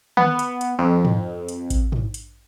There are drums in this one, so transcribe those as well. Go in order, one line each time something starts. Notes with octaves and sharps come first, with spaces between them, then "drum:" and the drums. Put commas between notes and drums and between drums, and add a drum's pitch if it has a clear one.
B3, drum: tom
drum: hi-hat
drum: hi-hat
F2
drum: tom
drum: hi-hat
drum: kick A1, hi-hat
drum: tom
drum: hi-hat